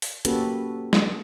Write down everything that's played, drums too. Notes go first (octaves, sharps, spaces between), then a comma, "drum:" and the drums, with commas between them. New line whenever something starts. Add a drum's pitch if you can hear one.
drum: open hi-hat
A#3 C#4 F#4 G4 A4 B4, drum: hi-hat
drum: snare